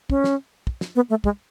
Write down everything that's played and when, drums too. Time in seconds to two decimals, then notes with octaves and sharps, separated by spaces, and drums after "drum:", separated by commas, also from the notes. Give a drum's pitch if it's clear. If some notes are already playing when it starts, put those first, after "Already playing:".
0.10 C#4, drum: kick
0.24 drum: snare
0.67 drum: kick
0.81 drum: snare
0.95 B3
1.10 A3
1.24 G#3, drum: kick